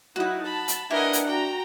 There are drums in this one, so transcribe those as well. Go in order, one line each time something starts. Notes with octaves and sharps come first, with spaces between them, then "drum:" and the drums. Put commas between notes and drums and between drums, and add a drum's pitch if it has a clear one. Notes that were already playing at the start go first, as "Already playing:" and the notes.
F#3 D#4 E4 F#4 F#5
A5 B5
drum: hi-hat
D4 E4 G4 A#4 B4 D#5 F#5 G#5
drum: hi-hat
F#4 G5 A#5